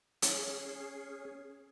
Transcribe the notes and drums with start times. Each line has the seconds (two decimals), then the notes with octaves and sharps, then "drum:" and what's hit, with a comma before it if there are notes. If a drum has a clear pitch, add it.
0.22 C#4 G#4, drum: hi-hat